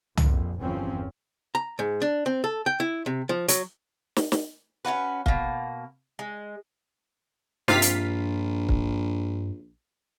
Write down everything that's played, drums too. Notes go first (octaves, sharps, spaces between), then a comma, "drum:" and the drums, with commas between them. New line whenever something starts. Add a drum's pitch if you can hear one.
A#1 F2, drum: tom
G1 E2 F3 C4 C#4
A#5
G#2
D4
C4
A4
G5
E4
C3
F3
F#3, drum: hi-hat
drum: snare
drum: snare
C#4 E4 F#4 B4
B2 A#3, drum: kick
G#3
A#1 G2 C3 F4 F5 B6, drum: snare
drum: hi-hat
drum: kick